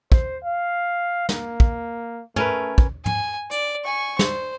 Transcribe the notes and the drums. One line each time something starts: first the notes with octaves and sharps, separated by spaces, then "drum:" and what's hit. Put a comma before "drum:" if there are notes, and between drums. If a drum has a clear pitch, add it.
C5, drum: kick
F5
A#3, drum: snare
drum: kick
A3 C#4 A#4 B4, drum: tom
drum: kick
G#5, drum: tom
D5, drum: hi-hat
G#5 C#6
C5, drum: snare